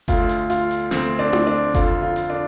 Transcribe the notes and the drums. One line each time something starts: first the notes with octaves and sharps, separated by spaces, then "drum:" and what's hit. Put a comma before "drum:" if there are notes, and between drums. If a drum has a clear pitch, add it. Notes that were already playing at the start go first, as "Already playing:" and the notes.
D2 D3 F4, drum: kick F#1, hi-hat
drum: hi-hat
F4, drum: hi-hat
drum: hi-hat
D2 D3 C4, drum: snare
D4
drum: tom E4
D4
F2 D3 F4, drum: kick F#1, hi-hat
F4
drum: hi-hat
D4